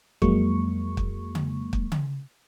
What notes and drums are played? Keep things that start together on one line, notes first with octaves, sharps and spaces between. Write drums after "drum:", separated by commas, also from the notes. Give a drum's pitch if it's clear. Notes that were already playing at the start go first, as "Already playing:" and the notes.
F2 F#3 G#3 A#3 C#6, drum: kick
drum: kick
drum: tom C#3
drum: kick
drum: tom C#3